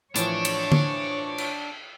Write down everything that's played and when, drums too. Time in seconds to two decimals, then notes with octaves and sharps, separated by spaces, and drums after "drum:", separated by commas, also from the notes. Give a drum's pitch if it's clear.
0.16 A2 E3 F3 D4 C#5, drum: hi-hat
0.45 drum: cymbal
0.72 drum: tom D3
1.38 drum: cymbal